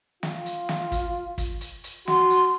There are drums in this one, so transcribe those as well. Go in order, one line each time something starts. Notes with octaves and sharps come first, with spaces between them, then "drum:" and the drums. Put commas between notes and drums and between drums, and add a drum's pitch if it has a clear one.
F4, drum: snare
drum: hi-hat
drum: snare
drum: kick, hi-hat
drum: kick, hi-hat
drum: hi-hat
drum: hi-hat
F#4 C6, drum: snare
drum: hi-hat